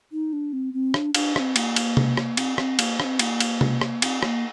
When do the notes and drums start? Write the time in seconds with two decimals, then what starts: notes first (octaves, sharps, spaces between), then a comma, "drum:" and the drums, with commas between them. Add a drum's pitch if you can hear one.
0.12 D#4
0.33 D4
0.53 C4
0.73 C4
0.94 D4, drum: rim click
1.15 D4, drum: cymbal
1.36 D4, drum: rim click
1.39 C4
1.56 A#3, drum: cymbal
1.76 drum: cymbal
1.97 drum: tom C3
2.17 drum: rim click
2.37 C4, drum: cymbal
2.58 C4, drum: rim click
2.79 A#3, drum: cymbal
3.00 D4, drum: rim click
3.04 C4
3.19 A#3, drum: cymbal
3.40 drum: cymbal
3.61 drum: tom C3
3.81 drum: rim click
4.02 C4, drum: cymbal
4.23 A#3, drum: rim click